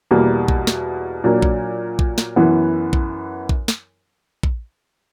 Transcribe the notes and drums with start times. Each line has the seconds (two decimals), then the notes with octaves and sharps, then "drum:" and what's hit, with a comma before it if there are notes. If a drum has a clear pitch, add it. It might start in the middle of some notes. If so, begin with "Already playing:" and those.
0.11 E2 B2 G3 A#3
0.48 drum: kick
0.67 drum: snare
1.24 A#2 F#3 A#3 D4
1.42 drum: kick
1.99 drum: kick
2.18 drum: snare
2.36 F#2 E3 B3 E4
2.93 drum: kick
3.49 drum: kick
3.68 drum: snare
4.43 drum: kick